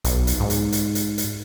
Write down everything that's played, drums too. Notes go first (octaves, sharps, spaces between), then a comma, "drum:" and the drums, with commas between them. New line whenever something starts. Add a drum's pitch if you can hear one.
B1, drum: hi-hat
drum: hi-hat
G#2
drum: hi-hat
drum: hi-hat
drum: hi-hat
drum: hi-hat